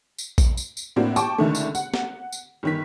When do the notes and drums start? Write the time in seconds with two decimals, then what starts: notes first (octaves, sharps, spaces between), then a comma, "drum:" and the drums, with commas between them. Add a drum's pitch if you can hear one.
0.18 drum: tambourine
0.38 drum: kick A#1, tambourine
0.57 drum: tambourine
0.77 drum: tambourine
0.96 A2 A#3 C4 D4 F#4
1.16 G5 A5 C#6 D6, drum: tambourine
1.38 C#2 D3 D#3 A3
1.55 drum: tambourine
1.75 F#5, drum: tambourine
1.94 drum: snare
2.32 drum: tambourine
2.63 G1 D#3 B6